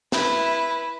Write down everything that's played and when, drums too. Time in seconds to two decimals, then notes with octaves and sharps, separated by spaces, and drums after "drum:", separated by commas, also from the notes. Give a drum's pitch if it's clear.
0.12 E4 B4, drum: snare